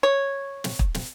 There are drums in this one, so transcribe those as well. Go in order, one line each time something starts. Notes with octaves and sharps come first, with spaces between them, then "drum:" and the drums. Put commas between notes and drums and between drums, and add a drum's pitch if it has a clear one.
C#5
drum: snare
drum: kick
drum: snare